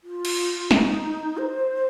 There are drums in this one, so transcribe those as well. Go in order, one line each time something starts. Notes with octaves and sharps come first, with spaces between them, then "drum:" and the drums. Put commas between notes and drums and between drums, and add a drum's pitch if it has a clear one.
F4
drum: cymbal
D#4, drum: snare
C5